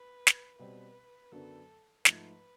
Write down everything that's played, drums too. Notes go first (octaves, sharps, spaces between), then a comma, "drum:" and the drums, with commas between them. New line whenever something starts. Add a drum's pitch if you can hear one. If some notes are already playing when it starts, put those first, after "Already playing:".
Already playing: B4
drum: snare
B2 G3 C4 B4
F#2 D3 F#3 B3 A4
G#2 F3 A3 B4, drum: snare